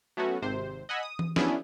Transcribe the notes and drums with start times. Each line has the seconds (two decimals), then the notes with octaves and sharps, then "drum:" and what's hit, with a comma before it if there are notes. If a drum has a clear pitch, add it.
0.17 F#3 A3 B3 C#4 F#4
0.42 G#1 C3 C5
0.89 D#5 F#5 G#5 B5 E6
1.03 D#6
1.19 drum: tom E3
1.36 B3 C#4 D4 E4 G#4, drum: snare